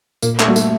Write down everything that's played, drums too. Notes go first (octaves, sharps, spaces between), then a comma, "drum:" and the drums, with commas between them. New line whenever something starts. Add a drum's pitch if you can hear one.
A#2 A#3, drum: tambourine
A3, drum: clap
G3 A#3 F#4 A4
A3, drum: tambourine